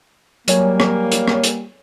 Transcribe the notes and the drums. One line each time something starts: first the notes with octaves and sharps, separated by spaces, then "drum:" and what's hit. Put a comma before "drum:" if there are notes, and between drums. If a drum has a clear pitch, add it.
F#3 G3 A#3 C#5 G#5, drum: hi-hat
drum: rim click
drum: hi-hat
drum: rim click
drum: hi-hat